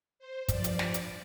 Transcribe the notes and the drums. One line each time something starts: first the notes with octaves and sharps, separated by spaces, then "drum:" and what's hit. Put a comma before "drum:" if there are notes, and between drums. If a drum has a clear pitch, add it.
C5
G2 F3 D5, drum: kick, hi-hat
drum: hi-hat
drum: snare
drum: hi-hat